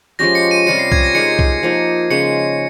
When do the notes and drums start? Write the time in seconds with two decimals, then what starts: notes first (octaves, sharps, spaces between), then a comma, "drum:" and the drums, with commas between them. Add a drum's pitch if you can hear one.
0.19 F3 G#3 C#4 G4 A#6
0.35 C#7
0.51 D#7
0.67 C3 G3 C#4 F4 C#7
0.79 C7
0.92 G#6, drum: kick B1
1.03 A#6
1.15 G#3 D#4 G4 A#4 C#7
1.39 drum: kick B1
1.63 F3 A#3 D#4
2.11 C#3 G#3 C#4 C#7